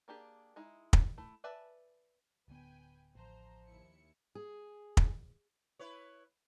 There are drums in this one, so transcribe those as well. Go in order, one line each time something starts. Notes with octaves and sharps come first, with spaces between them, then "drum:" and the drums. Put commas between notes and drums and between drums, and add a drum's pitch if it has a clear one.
A#3 D4 G4 G#4
G#3 D#4 E4
drum: kick
A3 E4
B4 D5 E5 G#5 A5
D1 D3 B3 B4 G5 G#5
A1 F3 C5 A#5
D#2 E4 C#7
G#4
drum: kick
E4 B4 C#5